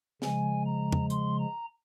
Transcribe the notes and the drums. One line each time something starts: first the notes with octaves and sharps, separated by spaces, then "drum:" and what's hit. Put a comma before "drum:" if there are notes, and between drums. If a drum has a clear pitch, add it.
C#3 F3 G#3 G#5, drum: snare
A#5
drum: tom
C6, drum: hi-hat
A#5